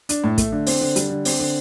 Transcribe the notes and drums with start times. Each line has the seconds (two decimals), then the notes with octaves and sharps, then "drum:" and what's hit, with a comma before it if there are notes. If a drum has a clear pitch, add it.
0.09 D4, drum: hi-hat
0.24 A2
0.38 A3, drum: kick, hi-hat
0.52 D3
0.67 C4, drum: open hi-hat
0.81 D3
0.96 G3, drum: hi-hat
1.10 D3
1.25 C4, drum: open hi-hat
1.39 D3